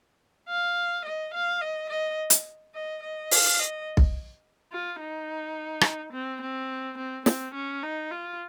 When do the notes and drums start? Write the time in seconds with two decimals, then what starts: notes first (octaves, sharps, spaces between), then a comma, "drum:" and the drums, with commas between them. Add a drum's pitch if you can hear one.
0.49 F5
1.05 D#5
1.34 F5
1.61 D#5
1.90 D#5
2.30 drum: hi-hat
2.75 D#5
3.03 D#5
3.31 F5, drum: open hi-hat
3.60 D#5
3.97 drum: kick B1
4.72 F4
5.00 D#4
5.81 drum: rim click
6.13 C4
6.42 C4
6.98 C4
7.26 C4, drum: snare
7.54 C#4
7.83 D#4
8.11 F4